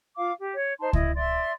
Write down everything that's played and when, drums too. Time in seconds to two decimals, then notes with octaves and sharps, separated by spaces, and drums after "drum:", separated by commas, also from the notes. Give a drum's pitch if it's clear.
0.16 F4 F5 D6
0.39 G4
0.54 C#5
0.80 D#4 C5 A5 C6
0.93 E4 D#5, drum: kick C#2
1.16 D5 E5 C6